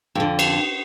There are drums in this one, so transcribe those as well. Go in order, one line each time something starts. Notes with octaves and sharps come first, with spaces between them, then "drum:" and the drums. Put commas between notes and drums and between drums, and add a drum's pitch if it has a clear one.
F2 D3
drum: cymbal